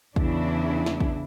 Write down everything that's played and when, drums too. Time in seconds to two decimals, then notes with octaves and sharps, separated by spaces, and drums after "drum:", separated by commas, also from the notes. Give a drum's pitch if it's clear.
0.16 E2 C#3 E3 D4 E4, drum: kick
0.86 drum: snare
1.00 drum: kick